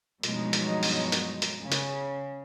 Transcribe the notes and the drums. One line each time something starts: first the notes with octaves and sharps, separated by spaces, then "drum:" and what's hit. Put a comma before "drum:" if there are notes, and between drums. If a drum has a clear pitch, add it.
G2 B2 F3 F#3 G#3 D#4, drum: hi-hat
drum: hi-hat
drum: open hi-hat
drum: hi-hat
drum: hi-hat
C#3
drum: hi-hat